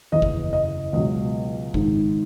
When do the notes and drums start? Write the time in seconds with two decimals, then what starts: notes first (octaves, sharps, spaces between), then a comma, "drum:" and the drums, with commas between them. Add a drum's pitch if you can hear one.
0.12 F#1 E2 C#3 D#5
0.22 drum: kick G1
0.53 D#5
0.93 C#2 B2 F#3 D#5
1.74 G#1 G#2 D#3, drum: kick G1